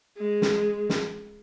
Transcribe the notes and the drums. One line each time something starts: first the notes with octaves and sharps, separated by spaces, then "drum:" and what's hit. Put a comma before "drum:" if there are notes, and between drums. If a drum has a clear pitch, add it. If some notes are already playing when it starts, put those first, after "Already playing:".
G#3
drum: snare
drum: snare